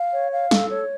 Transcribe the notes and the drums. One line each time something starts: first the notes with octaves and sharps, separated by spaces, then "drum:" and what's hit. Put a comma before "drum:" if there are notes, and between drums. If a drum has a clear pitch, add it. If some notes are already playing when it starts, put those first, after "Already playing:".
Already playing: F5
C#5
F5
A4, drum: snare
C#5